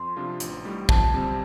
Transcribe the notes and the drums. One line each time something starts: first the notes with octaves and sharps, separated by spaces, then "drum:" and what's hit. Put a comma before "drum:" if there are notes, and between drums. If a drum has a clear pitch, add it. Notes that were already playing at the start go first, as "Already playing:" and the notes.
Already playing: F2 C6
C3 F3 D4 F4
A1, drum: hi-hat
A2 G3
F2 A5, drum: kick
C3 G3 C4